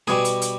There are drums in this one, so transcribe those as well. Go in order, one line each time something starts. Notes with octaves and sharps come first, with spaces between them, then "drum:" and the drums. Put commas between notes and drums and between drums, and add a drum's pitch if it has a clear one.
B2 G3 G#4, drum: snare
drum: hi-hat
drum: hi-hat